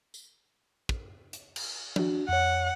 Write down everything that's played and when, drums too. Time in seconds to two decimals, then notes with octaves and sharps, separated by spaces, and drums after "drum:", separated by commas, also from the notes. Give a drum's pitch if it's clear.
0.14 drum: tambourine
0.89 drum: kick
1.33 drum: hi-hat
1.56 drum: cymbal
1.96 D4 F#4, drum: tom F3
2.29 F2 C#5 F#5